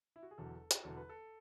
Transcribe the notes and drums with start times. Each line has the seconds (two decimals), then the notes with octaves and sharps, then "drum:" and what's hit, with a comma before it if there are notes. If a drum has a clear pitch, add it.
0.16 E4
0.23 F#4
0.31 G#4
0.38 E1 E2 D3 F#3 A4
0.71 drum: hi-hat
0.83 E1 E2 D3 F#3 A4
0.97 B4
1.09 A4